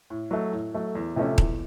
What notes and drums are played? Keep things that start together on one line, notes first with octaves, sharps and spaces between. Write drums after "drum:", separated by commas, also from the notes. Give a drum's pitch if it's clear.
A2
F#3 A3
A2
F#3 A3
E2
C3 F3 A3 C#4
E2, drum: kick D#1